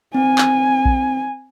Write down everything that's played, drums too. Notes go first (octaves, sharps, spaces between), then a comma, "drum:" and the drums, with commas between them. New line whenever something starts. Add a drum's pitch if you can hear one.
C4 G#5
drum: clap
drum: kick A#1